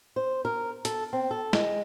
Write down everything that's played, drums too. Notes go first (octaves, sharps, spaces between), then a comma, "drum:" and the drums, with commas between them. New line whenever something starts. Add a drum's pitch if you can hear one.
C5
A#4
A4, drum: hi-hat
C4
A4
G#3, drum: snare